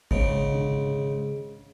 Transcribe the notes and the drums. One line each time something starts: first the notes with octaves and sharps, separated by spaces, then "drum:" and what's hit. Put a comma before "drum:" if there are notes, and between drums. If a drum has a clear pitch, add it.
G#2 C#3, drum: kick
drum: tom D#3